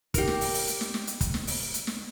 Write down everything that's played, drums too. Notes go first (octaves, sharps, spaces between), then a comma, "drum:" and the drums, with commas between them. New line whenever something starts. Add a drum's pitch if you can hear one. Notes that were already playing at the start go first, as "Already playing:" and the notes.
G4 A#4, drum: kick, hi-hat
drum: snare
drum: open hi-hat
drum: open hi-hat
drum: hi-hat
drum: snare
drum: snare
drum: hi-hat
drum: kick, hi-hat
drum: snare
drum: open hi-hat
drum: hi-hat
drum: snare